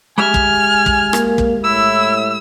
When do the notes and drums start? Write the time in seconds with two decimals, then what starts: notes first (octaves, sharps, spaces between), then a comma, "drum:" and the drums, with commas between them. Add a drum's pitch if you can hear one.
0.18 G#3 G4 E5 G#5 F6
0.34 drum: kick
0.86 drum: kick
1.13 A#3, drum: rim click
1.38 drum: kick
1.64 A2 E4 E6